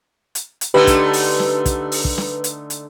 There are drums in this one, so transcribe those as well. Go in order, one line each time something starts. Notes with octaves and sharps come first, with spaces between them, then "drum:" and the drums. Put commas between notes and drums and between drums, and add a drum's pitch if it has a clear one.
drum: hi-hat
drum: hi-hat
D3 A3 D#4 G4 B4
drum: kick, hi-hat
drum: open hi-hat
drum: snare
drum: kick, hi-hat
drum: open hi-hat
drum: kick
drum: snare
drum: hi-hat
drum: hi-hat